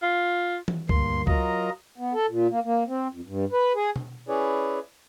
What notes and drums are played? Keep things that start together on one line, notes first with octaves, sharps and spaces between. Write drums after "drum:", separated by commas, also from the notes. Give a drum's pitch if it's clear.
F4
drum: tom E3
D2 G2 A#3 C6, drum: kick C#2
F#3 F4 A#4 D#5 A#5, drum: kick C#2
B3
A4
A#2
A#3
A#3
C4
F2
G2
B4
G#4
drum: tom B2
C#4 E4 G#4 B4 C#5 D5